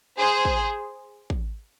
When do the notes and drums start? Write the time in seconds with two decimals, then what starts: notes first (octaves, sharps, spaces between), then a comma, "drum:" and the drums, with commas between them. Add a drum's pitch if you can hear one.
0.19 G#4 C5
0.45 drum: kick
1.30 drum: kick